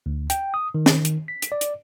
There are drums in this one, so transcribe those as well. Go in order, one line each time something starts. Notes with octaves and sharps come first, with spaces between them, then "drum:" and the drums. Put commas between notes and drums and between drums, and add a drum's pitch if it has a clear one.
D2
G5, drum: hi-hat
D#6
D#3
drum: snare
drum: hi-hat
B6
drum: hi-hat
D5
drum: hi-hat